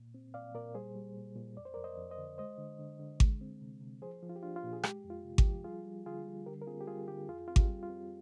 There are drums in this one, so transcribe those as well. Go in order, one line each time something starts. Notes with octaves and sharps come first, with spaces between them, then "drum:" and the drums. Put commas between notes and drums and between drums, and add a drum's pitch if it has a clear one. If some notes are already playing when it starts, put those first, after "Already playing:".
Already playing: A#2
C4
A#2 D5 F5
A#2 A#4 D5
G3 G#4 C5
G3
A#2
A#2
F2 D5
C5
F2 A#4 D5
C5 D#5
F2
C5 D#5
D3
G#3 C5 D#5
D3
D3
D3
G#3, drum: kick G#1
C4
C3
C3
F3 G#4 C5
F3
F4
G4
D4 F4
F4
A#2
G#4
G#3 G4, drum: rim click
F2
F4
C3
G4, drum: kick G#1
F3
G3 F4 G#4
G3
D3 F4 G#4
G3
D3 G4 A#4
A#4
C4 F4 G#4
G4
G3 F4 G#4
D3 G4
F2 F4 G#4
C4 F4
G4, drum: kick G#1
G3
F4
C4